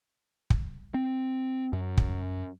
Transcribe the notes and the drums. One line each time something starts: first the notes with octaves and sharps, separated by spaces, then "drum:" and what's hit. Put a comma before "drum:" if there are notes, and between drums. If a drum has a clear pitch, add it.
drum: kick
C4
F#2
drum: kick